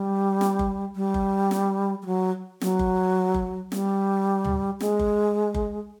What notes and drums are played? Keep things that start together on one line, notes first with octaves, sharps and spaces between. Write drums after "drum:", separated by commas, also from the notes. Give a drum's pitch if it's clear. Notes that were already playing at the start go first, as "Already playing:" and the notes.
Already playing: G3
drum: snare
drum: kick F#1
G3
drum: kick F#1
drum: snare
G3
F#3
F#3, drum: snare
drum: kick F#1
drum: kick F#1
G3, drum: snare
drum: tom
G#3, drum: snare
drum: kick F#1
drum: kick F#1